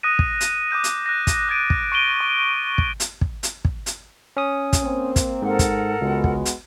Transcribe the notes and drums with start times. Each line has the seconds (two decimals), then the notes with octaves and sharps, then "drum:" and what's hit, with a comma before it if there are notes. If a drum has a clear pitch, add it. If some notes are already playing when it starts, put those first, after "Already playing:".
0.03 D#6 F#6 A#6 D#7
0.19 drum: kick
0.41 drum: hi-hat
0.71 D6 D#6 G6 D#7
0.84 drum: hi-hat
1.06 F#6 A#6
1.27 drum: kick, hi-hat
1.49 F#6 G#6 A6 D7 D#7
1.70 drum: kick
1.92 C#6 D7 D#7 G7
2.21 C#6
2.78 drum: kick
3.00 drum: hi-hat
3.21 drum: kick
3.43 drum: hi-hat
3.65 drum: kick
3.86 drum: hi-hat
4.37 C#4 D#6
4.73 drum: kick, hi-hat
4.82 A#3 C4
5.16 drum: kick, hi-hat
5.42 G#2 A4 A#4 F#5
5.59 drum: kick, hi-hat
6.01 C#2 G#3 B3 F#4
6.24 drum: kick
6.45 drum: hi-hat